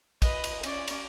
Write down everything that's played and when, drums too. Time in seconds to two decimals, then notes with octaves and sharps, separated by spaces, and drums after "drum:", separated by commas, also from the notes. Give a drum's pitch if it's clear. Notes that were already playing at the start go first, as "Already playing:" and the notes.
0.22 B4 D#5, drum: kick, cymbal
0.44 drum: cymbal
0.63 C#4 D5, drum: cymbal
0.88 drum: cymbal